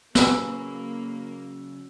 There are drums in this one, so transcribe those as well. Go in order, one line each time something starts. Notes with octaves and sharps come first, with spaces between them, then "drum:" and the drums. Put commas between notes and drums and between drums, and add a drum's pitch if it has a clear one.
C#3 F#3 A#3 B4 G#5 B5 E6, drum: snare